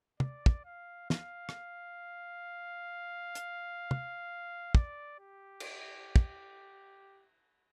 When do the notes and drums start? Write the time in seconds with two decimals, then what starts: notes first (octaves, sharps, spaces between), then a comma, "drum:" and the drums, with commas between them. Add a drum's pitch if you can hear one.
0.20 D5, drum: tom
0.46 drum: kick
0.65 F5
1.10 F5, drum: snare
1.49 drum: rim click
3.35 drum: hi-hat
3.91 drum: tom
4.75 D5, drum: kick
5.20 G4
5.60 drum: cymbal
6.16 drum: kick